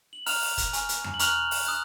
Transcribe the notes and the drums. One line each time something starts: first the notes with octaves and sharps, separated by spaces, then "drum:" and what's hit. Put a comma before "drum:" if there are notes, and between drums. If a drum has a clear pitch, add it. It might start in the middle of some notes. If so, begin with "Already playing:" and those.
F#7
A#5 D#6 F6 F#6 F7, drum: open hi-hat
drum: open hi-hat
drum: kick, hi-hat
G#5 C#6 F6, drum: hi-hat
drum: hi-hat
drum: tom E2
F#7
A#5 C#6 F6 F#6 F7, drum: hi-hat
drum: open hi-hat
D#6 F#6